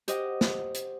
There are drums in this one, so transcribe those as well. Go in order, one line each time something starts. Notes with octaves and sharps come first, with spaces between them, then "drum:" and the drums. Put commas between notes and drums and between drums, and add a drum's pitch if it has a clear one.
G4 C5 D#5 F#5, drum: hi-hat
drum: snare
drum: hi-hat